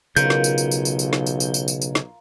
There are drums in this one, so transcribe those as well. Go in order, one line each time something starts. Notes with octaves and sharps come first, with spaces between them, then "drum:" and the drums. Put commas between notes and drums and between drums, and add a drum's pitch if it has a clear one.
B1 C#3 F4 A#4 G6, drum: tambourine
drum: snare
drum: tambourine
drum: tambourine
drum: tambourine
drum: tambourine
drum: tambourine
drum: snare
drum: tambourine
drum: tambourine
drum: tambourine
drum: tambourine
drum: tambourine
drum: snare